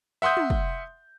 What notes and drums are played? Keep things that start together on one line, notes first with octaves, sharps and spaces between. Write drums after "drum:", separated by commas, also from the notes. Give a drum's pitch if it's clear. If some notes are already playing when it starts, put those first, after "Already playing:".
E5 F#5 C6 D#6 G6
drum: tom
drum: kick